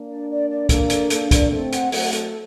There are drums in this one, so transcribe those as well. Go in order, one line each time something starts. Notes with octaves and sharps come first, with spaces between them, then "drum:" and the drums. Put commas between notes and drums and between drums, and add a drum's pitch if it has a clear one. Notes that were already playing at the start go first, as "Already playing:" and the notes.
Already playing: A#3 D4
D5
D5
D5
A#3 D4 A4, drum: kick, hi-hat
A4, drum: hi-hat
A#3 D4 A4, drum: hi-hat
D5, drum: kick, hi-hat
A3 C4 A4
F#5, drum: hi-hat
F#3 A3 F#5, drum: open hi-hat
A4, drum: hi-hat